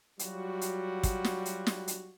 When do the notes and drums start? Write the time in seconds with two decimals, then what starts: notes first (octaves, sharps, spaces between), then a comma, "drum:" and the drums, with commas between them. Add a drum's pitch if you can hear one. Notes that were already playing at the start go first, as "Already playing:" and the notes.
0.19 F#3 G3 F4 F#4, drum: hi-hat
0.61 drum: hi-hat
1.03 drum: kick, hi-hat
1.24 drum: snare
1.46 drum: hi-hat
1.67 drum: snare
1.88 drum: hi-hat